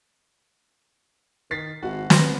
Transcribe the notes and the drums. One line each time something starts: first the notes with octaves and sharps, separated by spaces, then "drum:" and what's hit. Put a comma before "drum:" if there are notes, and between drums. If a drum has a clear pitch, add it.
D#3 A6 B6 C7
G#1 F#4
B2 B3 C6, drum: snare